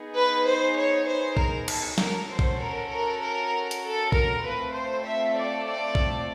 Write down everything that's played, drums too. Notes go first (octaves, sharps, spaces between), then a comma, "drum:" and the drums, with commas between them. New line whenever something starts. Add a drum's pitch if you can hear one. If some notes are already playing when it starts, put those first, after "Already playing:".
Already playing: B3 D#4 G#4
B4
C5
C#5
C5
A#4, drum: kick
A4, drum: cymbal
C#4 F#4 A4 A#4, drum: snare
C5
drum: kick
A#4
A#4
A#4
drum: hi-hat
A4
A#4, drum: kick
A3 C4 F4 A4 B4
C5
E5
D5
D5
drum: kick